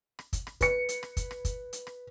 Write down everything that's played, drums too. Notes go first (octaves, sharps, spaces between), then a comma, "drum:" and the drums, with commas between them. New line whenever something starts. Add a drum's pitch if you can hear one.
drum: rim click
drum: kick, hi-hat
drum: rim click
B4 C#7, drum: kick, hi-hat
drum: hi-hat
drum: rim click
drum: kick, hi-hat
drum: rim click
drum: kick, hi-hat
drum: hi-hat
drum: rim click